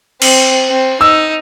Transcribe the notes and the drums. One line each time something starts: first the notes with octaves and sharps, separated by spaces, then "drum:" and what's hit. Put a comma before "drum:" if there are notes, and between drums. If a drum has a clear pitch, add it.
C4, drum: cymbal
C4
D#4 E6